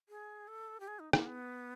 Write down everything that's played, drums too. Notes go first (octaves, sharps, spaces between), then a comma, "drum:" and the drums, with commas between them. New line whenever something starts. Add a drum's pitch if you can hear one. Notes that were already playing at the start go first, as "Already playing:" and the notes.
G#4
A4
G4
G#4
D#4
A#3, drum: rim click
B3